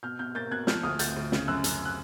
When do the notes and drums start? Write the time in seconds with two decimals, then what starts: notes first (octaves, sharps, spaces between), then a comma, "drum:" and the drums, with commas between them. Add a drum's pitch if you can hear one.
0.03 B2 F6 G6
0.19 B2 F6 G6
0.35 A#3 G6 A6
0.51 B2 F#6 G#6
0.67 F3 F6 G6, drum: snare
0.83 D2 D#6 F6
0.99 D2 G6 A6, drum: hi-hat
1.16 D2
1.32 C#3, drum: snare
1.48 F#2 E6 F#6
1.64 F#2, drum: hi-hat
1.85 F#6